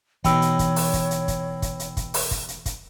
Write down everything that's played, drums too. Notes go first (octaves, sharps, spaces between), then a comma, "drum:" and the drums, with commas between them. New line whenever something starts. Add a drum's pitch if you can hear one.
B2 E3 D#4 C#5 G5 B5 E6, drum: kick, hi-hat
drum: hi-hat
drum: kick, hi-hat
drum: open hi-hat
drum: kick, hi-hat
drum: hi-hat
drum: kick, hi-hat
drum: kick, hi-hat
drum: hi-hat
drum: kick, hi-hat
drum: open hi-hat
drum: kick, hi-hat
drum: hi-hat
drum: kick, hi-hat